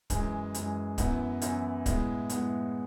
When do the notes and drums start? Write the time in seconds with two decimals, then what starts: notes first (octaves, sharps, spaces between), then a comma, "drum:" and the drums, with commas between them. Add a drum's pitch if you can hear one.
0.10 F#2 E3 G#3, drum: kick C#1, hi-hat
0.54 F#2 E3 G#3, drum: hi-hat
0.98 F#2 E3 B3 E4, drum: kick C#1, hi-hat
1.42 F#2 E3 B3 E4, drum: hi-hat
1.86 A2 G#3 B3 E4, drum: kick C#1, hi-hat
2.30 A2 G#3 B3 E4, drum: hi-hat